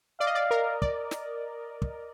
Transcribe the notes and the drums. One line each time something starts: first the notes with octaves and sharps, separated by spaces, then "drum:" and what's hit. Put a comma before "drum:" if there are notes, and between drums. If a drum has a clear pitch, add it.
D5 F5
D#5
D5
A#4
D5, drum: kick
drum: snare
drum: kick